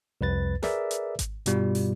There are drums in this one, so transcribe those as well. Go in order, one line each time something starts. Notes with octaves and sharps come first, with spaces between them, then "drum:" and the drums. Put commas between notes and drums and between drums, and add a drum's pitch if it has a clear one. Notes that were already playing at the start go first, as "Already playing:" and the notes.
C2 F2 B4 A6
G#4 A#4 B4 D5 E5, drum: snare
drum: hi-hat
drum: kick G#1, hi-hat
G2 B2 G3 F4, drum: hi-hat
drum: open hi-hat